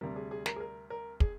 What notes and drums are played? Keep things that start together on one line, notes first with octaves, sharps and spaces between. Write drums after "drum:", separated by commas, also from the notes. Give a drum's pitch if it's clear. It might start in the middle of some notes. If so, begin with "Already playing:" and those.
D2 C3 G3 A#4
G#4
G#4
A#4, drum: snare
G#4
A#4
A#4
G#4, drum: kick